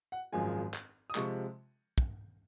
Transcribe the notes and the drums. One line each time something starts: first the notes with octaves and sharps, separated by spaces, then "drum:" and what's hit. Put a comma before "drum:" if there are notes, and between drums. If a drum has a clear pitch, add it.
F#5
G#1 F#2 F3 G#3 G#5
drum: clap
D#6
C3 F3 G#3 C#6, drum: clap
drum: kick